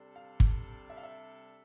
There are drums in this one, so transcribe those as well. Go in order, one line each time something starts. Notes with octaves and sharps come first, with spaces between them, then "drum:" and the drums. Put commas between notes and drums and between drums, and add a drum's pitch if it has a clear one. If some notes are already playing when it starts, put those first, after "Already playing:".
Already playing: C3 G3 D4 A4
F5
drum: kick
E5
F5
E5